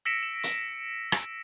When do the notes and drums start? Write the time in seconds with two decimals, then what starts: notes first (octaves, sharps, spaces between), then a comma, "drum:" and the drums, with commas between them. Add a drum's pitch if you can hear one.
0.05 E6 A#6 B6 C#7 D7 E7
0.23 E7
0.43 drum: hi-hat
1.12 drum: rim click